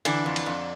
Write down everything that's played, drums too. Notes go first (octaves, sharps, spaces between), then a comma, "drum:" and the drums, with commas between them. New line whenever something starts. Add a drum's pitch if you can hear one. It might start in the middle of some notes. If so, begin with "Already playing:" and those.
D3 E3 D4, drum: cymbal
F2
drum: cymbal
F2